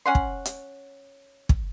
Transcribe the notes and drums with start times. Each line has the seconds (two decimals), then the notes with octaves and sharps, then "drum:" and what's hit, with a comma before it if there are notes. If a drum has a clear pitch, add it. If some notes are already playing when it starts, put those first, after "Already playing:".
0.06 C#4 F#5 C6
0.15 drum: kick
0.45 drum: hi-hat
1.49 drum: kick